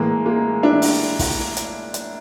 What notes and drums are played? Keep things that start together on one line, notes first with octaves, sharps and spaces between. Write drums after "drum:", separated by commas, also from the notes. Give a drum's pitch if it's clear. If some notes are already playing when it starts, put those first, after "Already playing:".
Already playing: A2 E3 G#3 A#3
G#3 A#3
D4 E4
drum: open hi-hat
drum: kick, open hi-hat
drum: hi-hat
drum: hi-hat